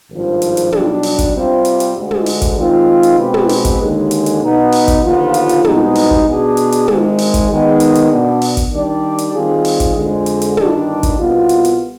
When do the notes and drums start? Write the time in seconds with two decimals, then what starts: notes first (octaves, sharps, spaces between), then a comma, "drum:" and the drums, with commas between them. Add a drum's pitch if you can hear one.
0.11 G#1 G2 F3
0.42 drum: hi-hat
0.57 drum: hi-hat
0.72 B1 B2 G3 D4, drum: tom
1.03 drum: open hi-hat
1.19 drum: kick, hi-hat
1.34 C3 G3 C4 F4
1.65 drum: hi-hat
1.80 drum: hi-hat
1.96 D2 D3 G#3
2.11 drum: tom
2.26 drum: open hi-hat
2.42 drum: kick, hi-hat
2.57 D#3 G#3 C4 F4
3.03 drum: hi-hat
3.18 B2 G#3 C4 G4 B4
3.34 drum: tom
3.49 drum: open hi-hat
3.65 drum: kick, hi-hat
3.80 D#2 D3 G#3
4.11 drum: hi-hat
4.26 drum: hi-hat
4.41 B2 B3 D#4
4.72 drum: open hi-hat
4.88 drum: kick, hi-hat
5.03 D#2 D3 F3 B3 F4
5.34 drum: hi-hat
5.49 drum: hi-hat
5.64 C2 B2 G#3 B3 D#4, drum: tom
5.95 drum: open hi-hat
6.11 drum: kick
6.26 B2 B3 D4 G#4
6.57 drum: hi-hat
6.72 drum: hi-hat
6.88 G#1 G#2 D#3 G#3, drum: tom
7.18 drum: open hi-hat
7.34 drum: kick, hi-hat
7.50 D#3 G#3 B3
7.80 drum: hi-hat
7.95 drum: hi-hat
8.11 B2 B3 D4
8.42 drum: open hi-hat
8.57 drum: kick, hi-hat
8.72 D#3 G3 D4 G4 D5
9.18 drum: hi-hat
9.34 D#3 G3 C4 F4 G#4
9.65 drum: open hi-hat
9.80 drum: kick, hi-hat
9.95 F2 D3 G#3
10.26 drum: hi-hat
10.42 drum: hi-hat
10.57 G1 G2 D#3 G3 D4, drum: tom
11.03 drum: kick, hi-hat
11.19 C2 B2 B3 F4
11.49 drum: hi-hat
11.65 drum: hi-hat